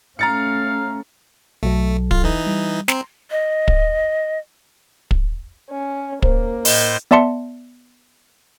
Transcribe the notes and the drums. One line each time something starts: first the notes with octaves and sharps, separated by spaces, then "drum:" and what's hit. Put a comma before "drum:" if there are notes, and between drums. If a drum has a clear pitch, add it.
A3 C#4 F5 A#5 A6 C#7
B1 F#3 A3 A4
F4, drum: kick
E3 D#4
G3
C4 A#5 C6, drum: snare
D#5
drum: kick
drum: kick
C#4
A#3 C5, drum: kick
A2 C5 D#5 C6, drum: open hi-hat
B3 D5 E5 A5 C6 C#7